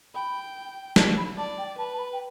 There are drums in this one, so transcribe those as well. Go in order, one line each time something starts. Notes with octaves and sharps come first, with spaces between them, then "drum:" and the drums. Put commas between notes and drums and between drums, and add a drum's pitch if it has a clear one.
G5 B5
A5, drum: snare
B5
D5 A5
G5
B4 A5
A5
B5
G5